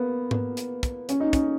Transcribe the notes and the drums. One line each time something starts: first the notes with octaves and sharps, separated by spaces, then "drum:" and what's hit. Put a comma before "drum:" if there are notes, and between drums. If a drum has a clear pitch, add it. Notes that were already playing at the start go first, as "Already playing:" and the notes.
Already playing: A#3 B3
B3, drum: tom G#2
drum: hi-hat
drum: kick, hi-hat
C#4, drum: hi-hat
D#4
C#4, drum: kick, hi-hat